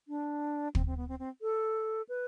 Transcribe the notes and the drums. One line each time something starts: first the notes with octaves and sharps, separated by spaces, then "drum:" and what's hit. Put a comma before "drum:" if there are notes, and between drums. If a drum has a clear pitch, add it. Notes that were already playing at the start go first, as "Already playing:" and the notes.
D4
C4, drum: kick
C4
B3
C4
C4
A4
B4